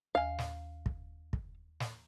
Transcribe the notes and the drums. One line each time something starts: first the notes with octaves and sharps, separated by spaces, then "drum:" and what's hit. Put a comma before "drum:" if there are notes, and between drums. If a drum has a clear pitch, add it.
D#2 F5 G#5
drum: snare
drum: kick
drum: kick
drum: snare